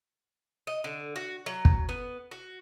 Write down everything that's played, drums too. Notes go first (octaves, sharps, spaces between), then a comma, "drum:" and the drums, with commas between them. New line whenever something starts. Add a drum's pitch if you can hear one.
D#5
D3
F#4
F#3
drum: kick
B3
F#4